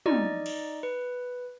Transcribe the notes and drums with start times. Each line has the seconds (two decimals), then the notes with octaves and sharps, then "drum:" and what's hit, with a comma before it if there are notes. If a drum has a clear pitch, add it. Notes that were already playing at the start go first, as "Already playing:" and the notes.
0.06 D#4 D5 D#5, drum: tom
0.46 drum: cymbal
0.83 B4